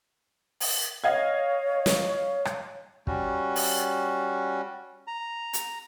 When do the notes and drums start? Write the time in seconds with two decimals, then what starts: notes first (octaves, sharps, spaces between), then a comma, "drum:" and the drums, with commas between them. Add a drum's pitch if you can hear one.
0.60 drum: open hi-hat
1.04 C#5 D#5 F5 G#6
1.86 drum: snare
2.45 drum: rim click
3.07 G3 C#4 F#4, drum: kick
3.56 drum: open hi-hat
5.07 A#5
5.53 drum: hi-hat